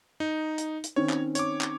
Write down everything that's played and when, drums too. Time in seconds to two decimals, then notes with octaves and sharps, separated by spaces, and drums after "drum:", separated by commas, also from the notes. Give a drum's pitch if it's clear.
0.20 D#4
0.58 drum: hi-hat
0.84 drum: hi-hat
0.96 D#3 C4 C#4 C#5
1.10 drum: clap
1.35 C#5 D6, drum: hi-hat
1.61 drum: clap